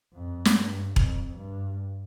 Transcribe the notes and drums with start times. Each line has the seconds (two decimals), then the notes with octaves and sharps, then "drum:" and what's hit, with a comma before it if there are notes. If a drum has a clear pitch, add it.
0.14 F2
0.45 drum: snare
0.54 G2
0.96 F2, drum: kick E1
1.37 G2